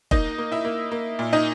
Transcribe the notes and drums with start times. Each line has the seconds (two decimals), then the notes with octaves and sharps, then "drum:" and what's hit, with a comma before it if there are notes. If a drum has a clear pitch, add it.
0.11 A#3 D#4 D#5, drum: kick F1
0.38 A#3
0.52 E4 E5
0.65 A#3
0.92 A#3
1.19 A#2
1.33 D#4 D#5